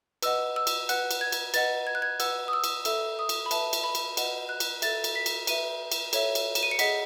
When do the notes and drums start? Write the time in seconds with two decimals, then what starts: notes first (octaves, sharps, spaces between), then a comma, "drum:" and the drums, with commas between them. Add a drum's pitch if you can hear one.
0.23 B4 D#5 F#5 E6, drum: cymbal
0.56 E6
0.67 drum: cymbal
0.89 B4 F#5 F#6, drum: cymbal
1.11 drum: cymbal
1.21 G#6
1.32 drum: cymbal
1.54 B4 D#5 F#5 A6, drum: cymbal
1.87 G#6
1.95 F#6
2.02 G#6
2.20 B4 F#5 E6, drum: cymbal
2.48 D#6
2.53 E6
2.64 drum: cymbal
2.85 A4 E5 E6, drum: cymbal
3.19 D#6
3.29 drum: cymbal
3.46 B5
3.51 B4 E5 A5, drum: cymbal
3.73 drum: cymbal
3.84 B5
3.95 drum: cymbal
4.17 B4 D#5 F#5, drum: cymbal
4.49 F#6
4.60 drum: cymbal
4.82 A4 E5 A6, drum: cymbal
5.04 drum: cymbal
5.15 B6
5.26 drum: cymbal
5.47 B4 E5 D#7, drum: cymbal
5.92 drum: cymbal
6.13 A4 C#5 E5, drum: cymbal
6.35 drum: cymbal
6.55 E7, drum: cymbal
6.63 D#7
6.71 C#7
6.79 G#4 D#5 F#5 B6, drum: cymbal